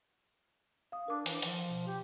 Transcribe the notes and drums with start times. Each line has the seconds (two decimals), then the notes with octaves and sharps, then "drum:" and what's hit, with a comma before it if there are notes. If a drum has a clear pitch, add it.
0.92 F5 D#6
1.08 D4 A#4 D6
1.26 E3, drum: hi-hat
1.42 F3, drum: hi-hat
1.70 B2
1.88 G4